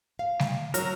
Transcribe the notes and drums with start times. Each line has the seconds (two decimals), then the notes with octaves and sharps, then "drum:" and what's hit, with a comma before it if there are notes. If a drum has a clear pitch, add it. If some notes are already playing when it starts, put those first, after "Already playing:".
0.19 F5
0.39 drum: snare G3
0.74 F#3 A#4, drum: hi-hat